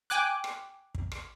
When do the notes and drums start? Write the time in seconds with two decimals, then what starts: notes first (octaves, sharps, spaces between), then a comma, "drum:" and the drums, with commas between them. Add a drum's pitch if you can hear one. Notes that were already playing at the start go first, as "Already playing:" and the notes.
0.10 G5 G#5 D6 F#6
0.44 drum: rim click
0.95 drum: kick
1.12 drum: rim click